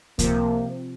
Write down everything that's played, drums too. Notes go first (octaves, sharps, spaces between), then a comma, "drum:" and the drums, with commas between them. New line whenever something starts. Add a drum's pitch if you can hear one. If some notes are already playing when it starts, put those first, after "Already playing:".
C3 F3 A#3, drum: kick C#2, hi-hat